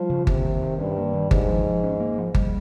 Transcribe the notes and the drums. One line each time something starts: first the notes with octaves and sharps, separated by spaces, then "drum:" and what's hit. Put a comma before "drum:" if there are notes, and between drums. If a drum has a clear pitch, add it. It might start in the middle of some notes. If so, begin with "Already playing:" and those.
Already playing: F3 G3
C#3
C3 A#3, drum: kick G1
D#3
D#3
G2 C#4
A#3
D#3
G#2 A#3, drum: kick G1
F3
F3
C#4
A#3
F3
G3, drum: kick G1